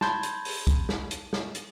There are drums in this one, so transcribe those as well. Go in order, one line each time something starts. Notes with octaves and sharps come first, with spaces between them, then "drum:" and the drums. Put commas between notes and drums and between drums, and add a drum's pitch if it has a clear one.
A5 B5 C6 G6 G#6, drum: snare
drum: hi-hat
drum: open hi-hat
drum: kick, hi-hat
drum: snare
drum: hi-hat
drum: snare
drum: hi-hat